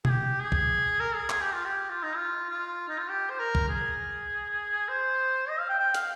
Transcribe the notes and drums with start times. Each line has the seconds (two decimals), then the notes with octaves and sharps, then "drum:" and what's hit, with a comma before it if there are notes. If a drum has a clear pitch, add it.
0.05 G#4, drum: tom B2
0.09 G4
0.40 G#4
0.52 drum: kick B1
1.00 A#4
1.15 G#4
1.30 G#4, drum: clap
1.41 G4
1.54 F4
1.65 G4
1.90 F4
2.03 D#4
2.16 F4
2.49 F4
2.88 D#4
2.98 F4
3.09 G4
3.30 C5
3.40 A#4
3.55 drum: kick B1
3.69 G#4
4.89 C5
5.49 D#5
5.60 F5
5.69 G5
5.80 G5
5.94 F5, drum: hi-hat